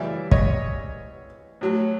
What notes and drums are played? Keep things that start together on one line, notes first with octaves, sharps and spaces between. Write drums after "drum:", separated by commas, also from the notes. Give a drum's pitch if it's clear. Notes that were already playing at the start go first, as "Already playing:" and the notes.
Already playing: F#2 C#3 E3 G3 D5 E5
C#5 D#5, drum: kick
A2 F#3